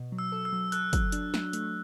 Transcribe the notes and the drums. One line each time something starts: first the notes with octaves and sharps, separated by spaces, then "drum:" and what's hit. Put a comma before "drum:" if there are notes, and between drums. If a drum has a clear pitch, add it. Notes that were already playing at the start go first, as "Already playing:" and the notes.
Already playing: B2
F#3
E6
A4
E6
F#3
A4 F#6, drum: hi-hat
F#3, drum: kick, hi-hat
D4, drum: hi-hat
F#3, drum: snare
A3, drum: hi-hat